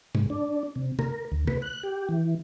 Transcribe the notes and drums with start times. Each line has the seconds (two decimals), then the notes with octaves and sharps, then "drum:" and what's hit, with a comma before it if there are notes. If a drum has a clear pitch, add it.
0.15 G#2, drum: tom
0.30 D4
0.76 C3
0.99 A#4, drum: tom
1.32 D2
1.47 B4, drum: tom
1.62 F#6
1.83 G4
2.09 E3